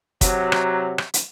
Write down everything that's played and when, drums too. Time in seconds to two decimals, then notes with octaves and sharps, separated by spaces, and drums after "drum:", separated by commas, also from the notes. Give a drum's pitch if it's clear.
0.21 C3 F#3, drum: kick, hi-hat
0.52 drum: rim click
0.98 drum: rim click
1.14 drum: hi-hat